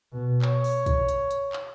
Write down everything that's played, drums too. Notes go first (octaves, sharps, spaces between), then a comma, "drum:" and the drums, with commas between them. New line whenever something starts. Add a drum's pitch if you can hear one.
B2
C#5, drum: clap
drum: open hi-hat
drum: kick, hi-hat
drum: hi-hat
drum: hi-hat
drum: clap